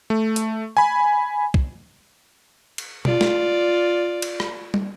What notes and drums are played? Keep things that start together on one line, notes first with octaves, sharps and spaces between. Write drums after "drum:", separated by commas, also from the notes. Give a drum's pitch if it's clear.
A3
drum: hi-hat
G#5 B5
drum: kick
drum: cymbal
F4 D5, drum: tom B2
drum: snare
drum: cymbal
drum: rim click
drum: tom